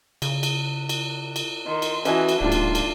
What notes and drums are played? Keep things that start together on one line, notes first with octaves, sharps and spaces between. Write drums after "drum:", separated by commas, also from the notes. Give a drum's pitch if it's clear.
C#3, drum: cymbal
drum: cymbal
drum: cymbal
drum: cymbal
D#3 C6
drum: cymbal
E3 C#4 F#4 B4 D#5 G#5 A5, drum: cymbal
drum: cymbal
D1 D#2 G#2 D4 F4
drum: cymbal
drum: cymbal